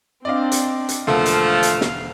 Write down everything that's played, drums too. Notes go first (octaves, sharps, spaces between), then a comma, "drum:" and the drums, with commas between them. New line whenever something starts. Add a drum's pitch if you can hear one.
C4 D4 D5 D#5 F5
drum: hi-hat
drum: hi-hat
E1 D3 F3 A3 A#3 F5
drum: hi-hat
drum: hi-hat
drum: snare